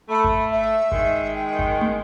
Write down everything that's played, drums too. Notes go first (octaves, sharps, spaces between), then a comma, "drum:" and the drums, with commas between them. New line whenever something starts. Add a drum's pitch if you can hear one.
A3 B5
drum: kick G#1
E5
D#3 G#3, drum: kick G#1
G5
drum: kick G#1
drum: tom